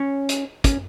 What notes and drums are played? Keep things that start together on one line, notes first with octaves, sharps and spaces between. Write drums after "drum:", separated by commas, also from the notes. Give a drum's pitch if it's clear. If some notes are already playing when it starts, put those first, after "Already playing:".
Already playing: C#4
drum: hi-hat
C#4, drum: kick, hi-hat